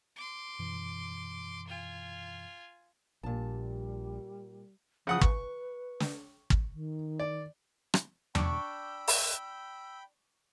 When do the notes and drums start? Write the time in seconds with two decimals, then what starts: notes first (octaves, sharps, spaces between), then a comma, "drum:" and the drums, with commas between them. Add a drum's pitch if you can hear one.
0.16 C6 D6
0.59 F#2 B2 E3
1.68 F4 G#5
3.23 A#1 A#2 G3 A5
5.07 C#3 F3 F#5 D#6
5.22 B4 C#6, drum: kick
6.00 drum: snare
6.50 drum: kick
6.72 D#3
7.20 D5
7.94 drum: rim click
8.35 D4 G5 B5 C#6 D6 E6 G6, drum: tom E2
9.08 drum: open hi-hat